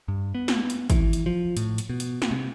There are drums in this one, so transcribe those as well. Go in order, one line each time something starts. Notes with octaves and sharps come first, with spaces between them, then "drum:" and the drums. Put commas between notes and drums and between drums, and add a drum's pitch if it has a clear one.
G2
B3
drum: snare
drum: hi-hat
E3, drum: kick, hi-hat
drum: hi-hat
F3
A2, drum: hi-hat
drum: hi-hat
B2
drum: hi-hat
drum: snare
C3